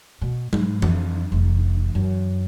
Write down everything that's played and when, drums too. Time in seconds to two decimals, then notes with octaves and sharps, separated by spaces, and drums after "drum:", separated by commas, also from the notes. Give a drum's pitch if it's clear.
0.22 B2
0.53 G#2, drum: tom F#3
0.82 F2, drum: tom E3
1.32 F1
1.95 F#2